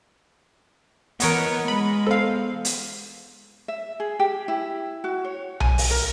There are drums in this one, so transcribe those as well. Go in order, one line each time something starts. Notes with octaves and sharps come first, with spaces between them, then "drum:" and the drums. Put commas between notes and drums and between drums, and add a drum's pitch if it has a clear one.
E3 B3 A#4 C#5 D#5 F#5, drum: hi-hat
G#3 B5
B3 A4 C5 F5
drum: hi-hat
E5
G#4
G4
E4
F#4
C#5
G#5, drum: tom B1
drum: open hi-hat
A#4